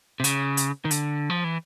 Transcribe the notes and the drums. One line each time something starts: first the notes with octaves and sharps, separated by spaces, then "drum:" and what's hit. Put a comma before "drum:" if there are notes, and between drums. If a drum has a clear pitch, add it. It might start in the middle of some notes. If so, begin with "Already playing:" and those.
C3
C#3, drum: hi-hat
drum: hi-hat
D#3
D3, drum: hi-hat
F3
E3